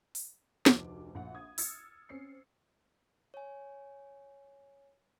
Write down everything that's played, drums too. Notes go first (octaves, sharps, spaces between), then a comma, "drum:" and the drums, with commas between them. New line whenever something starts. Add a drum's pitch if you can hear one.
drum: open hi-hat
F1 D2 F3 D6, drum: snare
A#1 F#5
D#6 G#6
E6 F6 G#6 A6 C#7, drum: open hi-hat
C4 C#4 C7 C#7
C#5 G#5